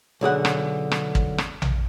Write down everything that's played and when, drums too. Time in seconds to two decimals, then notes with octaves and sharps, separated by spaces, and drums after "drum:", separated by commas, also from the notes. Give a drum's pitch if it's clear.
0.21 B1 D3 G#4 F#5
0.45 drum: rim click
0.92 drum: rim click
1.15 drum: kick
1.38 drum: rim click
1.62 drum: tom A#1